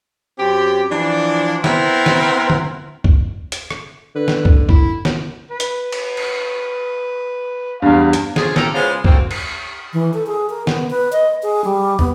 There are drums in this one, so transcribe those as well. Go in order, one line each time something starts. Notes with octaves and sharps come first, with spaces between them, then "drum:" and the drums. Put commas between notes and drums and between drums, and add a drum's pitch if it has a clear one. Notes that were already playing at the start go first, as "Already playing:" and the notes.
F#2 C4 G4
E3 F3 D4
B3 C4 E4 A#4, drum: snare
drum: snare
drum: tom
drum: kick
drum: hi-hat
drum: rim click
D3 B4
drum: snare
drum: kick
E4, drum: kick
drum: snare
B4
drum: hi-hat
drum: cymbal
drum: cymbal
E2 G2 F5
drum: hi-hat
D3 F3 C#4 G#4, drum: snare
A2 C#3 G4 A4 A#4, drum: snare
C#3 G#3 B3 C#4 F4 C5
D2 A#3 C4, drum: kick
drum: cymbal
E3
A4
G#4
A#4
B3, drum: snare
B4
D#5
G#4
G3
B3, drum: tom